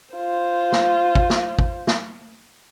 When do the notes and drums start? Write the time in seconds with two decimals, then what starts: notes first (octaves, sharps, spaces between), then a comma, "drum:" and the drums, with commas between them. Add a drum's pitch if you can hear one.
0.15 F4 C5
0.72 drum: snare
1.15 drum: kick
1.30 drum: snare
1.59 drum: kick
1.87 drum: snare